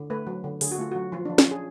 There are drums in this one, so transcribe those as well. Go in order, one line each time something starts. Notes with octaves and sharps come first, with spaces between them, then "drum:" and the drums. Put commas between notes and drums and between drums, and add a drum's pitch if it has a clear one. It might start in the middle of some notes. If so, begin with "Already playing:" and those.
Already playing: D3
A3 B4
F#3
D3
D3 G#4, drum: open hi-hat
F#4
A3 F4
F#3 F#4
F3 F4
D4
F3
F4, drum: snare
C#4 G#4